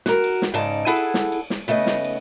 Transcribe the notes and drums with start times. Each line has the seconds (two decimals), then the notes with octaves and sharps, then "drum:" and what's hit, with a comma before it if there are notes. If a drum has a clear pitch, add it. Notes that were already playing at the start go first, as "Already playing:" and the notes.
0.06 F#4 A#4, drum: snare
0.24 drum: cymbal
0.42 drum: snare
0.54 G#2 C#3 D#4 D5 A5
0.86 E4 G#4 A4 F#5 A5
0.96 drum: cymbal
1.14 drum: snare
1.32 drum: cymbal
1.50 drum: snare
1.68 C#3 A3 B3 D#5, drum: cymbal
1.86 drum: snare
2.04 drum: cymbal